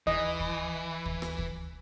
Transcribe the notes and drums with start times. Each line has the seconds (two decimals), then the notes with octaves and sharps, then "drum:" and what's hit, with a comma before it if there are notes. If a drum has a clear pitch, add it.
0.07 E3 D#5, drum: kick
0.40 drum: kick
1.05 drum: kick
1.22 drum: rim click
1.38 drum: kick